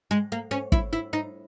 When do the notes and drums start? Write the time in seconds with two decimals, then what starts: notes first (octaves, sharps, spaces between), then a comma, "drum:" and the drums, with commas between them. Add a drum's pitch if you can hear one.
0.11 G#3
0.32 A#3
0.51 C#4
0.72 E4, drum: kick
0.93 E4
1.13 D#4